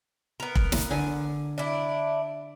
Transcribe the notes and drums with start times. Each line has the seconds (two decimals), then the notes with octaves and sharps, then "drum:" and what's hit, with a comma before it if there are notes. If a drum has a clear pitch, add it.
0.40 B3 A#4
0.55 drum: kick
0.72 drum: snare
0.90 D3 G#5
1.58 D4 E4